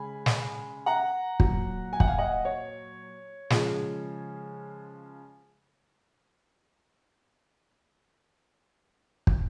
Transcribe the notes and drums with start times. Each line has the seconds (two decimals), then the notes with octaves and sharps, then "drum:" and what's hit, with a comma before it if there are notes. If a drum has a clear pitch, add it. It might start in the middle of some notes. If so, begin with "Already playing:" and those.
Already playing: C#3 G#3 G#5 B5
0.26 drum: snare
0.86 F#5 A#5
1.40 A#2 F#3, drum: kick
1.93 G#5
2.00 F#5, drum: kick
2.07 F5 G#5
2.18 D#5 F#5
2.45 C#5
3.50 C#3 F3 G#3, drum: snare
9.27 drum: kick